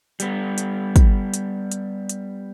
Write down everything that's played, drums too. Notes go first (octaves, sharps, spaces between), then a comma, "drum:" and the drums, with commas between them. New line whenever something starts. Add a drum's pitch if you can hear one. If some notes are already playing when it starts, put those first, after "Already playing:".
G3 B3, drum: hi-hat
drum: hi-hat
drum: kick, hi-hat
drum: hi-hat
drum: hi-hat
drum: hi-hat